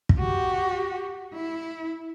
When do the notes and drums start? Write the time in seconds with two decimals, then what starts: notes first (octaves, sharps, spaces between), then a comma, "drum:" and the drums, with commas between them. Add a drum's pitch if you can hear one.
0.09 drum: kick
0.19 F#4 G4
1.34 E4